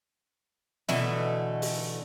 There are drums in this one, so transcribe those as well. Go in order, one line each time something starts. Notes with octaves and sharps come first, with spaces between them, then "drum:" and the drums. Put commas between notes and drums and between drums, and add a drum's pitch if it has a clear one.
B2 D3 E3 A3, drum: snare
drum: open hi-hat